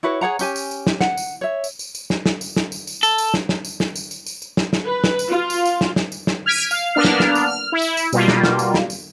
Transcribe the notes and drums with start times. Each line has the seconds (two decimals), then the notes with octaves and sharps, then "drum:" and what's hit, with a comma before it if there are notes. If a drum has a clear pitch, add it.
0.03 E4 F#4 B4 C#5
0.21 G#4 C#5 F#5 A#5
0.39 C#4 G4 G#5, drum: tambourine
0.56 drum: tambourine
0.71 drum: tambourine
0.87 drum: snare
1.01 F#5, drum: snare
1.17 drum: tambourine
1.41 C#5 E5
1.64 drum: tambourine
1.79 drum: tambourine
1.95 drum: tambourine
2.10 drum: snare
2.26 drum: snare
2.41 drum: tambourine
2.56 drum: snare
2.72 drum: tambourine
2.87 drum: tambourine
3.03 A4, drum: tambourine
3.18 drum: tambourine
3.34 drum: snare
3.49 drum: snare
3.65 drum: tambourine
3.80 drum: snare
3.96 drum: tambourine
4.11 drum: tambourine
4.26 drum: tambourine
4.42 drum: tambourine
4.57 drum: snare
4.73 drum: snare
4.85 B4
5.04 drum: snare
5.19 drum: tambourine
5.29 F4
5.50 drum: tambourine
5.65 drum: tambourine
5.81 drum: snare
5.96 drum: snare
6.12 drum: tambourine
6.27 drum: snare
6.46 F6 G#6 B6 D7 D#7
6.58 drum: tambourine
6.71 F5, drum: tambourine
6.95 A#3 B3 D4 F6
7.04 drum: snare
7.20 drum: snare
7.35 drum: tambourine
7.46 F6
7.72 E4
7.82 drum: tambourine
7.97 drum: tambourine
8.13 B2 G3 A#3 F4, drum: tambourine
8.28 drum: snare
8.43 drum: snare
8.59 drum: tambourine
8.74 drum: snare
8.90 drum: tambourine